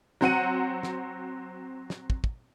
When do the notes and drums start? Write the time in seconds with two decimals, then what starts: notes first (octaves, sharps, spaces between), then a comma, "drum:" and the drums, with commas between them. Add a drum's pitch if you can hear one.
0.21 F#3 C4 F#5 D#7, drum: snare
0.83 drum: snare
1.90 drum: snare
2.10 drum: kick
2.24 drum: kick